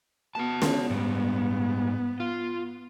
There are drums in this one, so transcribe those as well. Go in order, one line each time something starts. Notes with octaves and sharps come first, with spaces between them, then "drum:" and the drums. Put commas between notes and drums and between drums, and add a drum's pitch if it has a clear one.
B3 F#4 A5
drum: snare
G#2 G3
F4